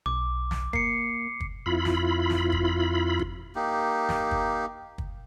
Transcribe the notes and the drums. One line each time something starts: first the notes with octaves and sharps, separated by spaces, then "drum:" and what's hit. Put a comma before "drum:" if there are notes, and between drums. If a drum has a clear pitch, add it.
B1 D6
drum: snare
A#3 C7 C#7, drum: kick
drum: kick
F2 E4 F4 B5
drum: snare
drum: snare
drum: kick
drum: kick
A#3 D#4 G4
drum: snare
drum: kick
drum: kick